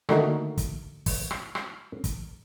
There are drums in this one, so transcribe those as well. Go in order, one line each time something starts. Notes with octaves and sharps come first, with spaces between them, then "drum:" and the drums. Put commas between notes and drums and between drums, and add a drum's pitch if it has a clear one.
D3 D#3 A3 A#3 D#4 F#4, drum: rim click
drum: kick, hi-hat
drum: kick, open hi-hat
drum: rim click
drum: rim click
drum: kick, hi-hat